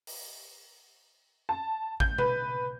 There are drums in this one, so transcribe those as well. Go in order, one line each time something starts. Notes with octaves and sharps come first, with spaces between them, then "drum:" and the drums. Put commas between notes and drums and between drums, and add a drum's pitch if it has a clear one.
drum: open hi-hat
A5
G6, drum: kick A1
B4, drum: tom B2